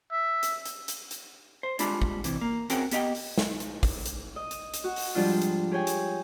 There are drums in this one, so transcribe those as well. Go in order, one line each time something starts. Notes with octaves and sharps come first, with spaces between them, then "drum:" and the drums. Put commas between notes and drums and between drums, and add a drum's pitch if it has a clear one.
E5
drum: hi-hat
drum: hi-hat
drum: hi-hat
drum: hi-hat
C5
G3 G#3 D4 F4 B5, drum: hi-hat
drum: kick
C3 E3, drum: hi-hat
A#3
C4 C#4 F#4 G#4 A#4 G5, drum: hi-hat
B3 G4 D#5 F5 G5, drum: hi-hat
drum: open hi-hat
drum: snare
drum: hi-hat
drum: kick, open hi-hat
drum: hi-hat
D#5
drum: hi-hat
drum: hi-hat
F#4
drum: open hi-hat
G#2 F3 G3 D4 F4
drum: hi-hat
G4 G#4 C#5 G5 G#5
drum: hi-hat